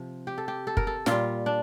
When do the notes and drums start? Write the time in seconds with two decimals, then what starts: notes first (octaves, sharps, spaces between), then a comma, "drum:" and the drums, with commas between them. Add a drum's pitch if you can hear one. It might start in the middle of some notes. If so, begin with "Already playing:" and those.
Already playing: C3 F3
0.27 G4
0.38 A4
0.48 G4
0.67 A4
0.77 A#4, drum: kick
0.87 A4
1.06 A#2 G3 F4, drum: snare
1.46 D4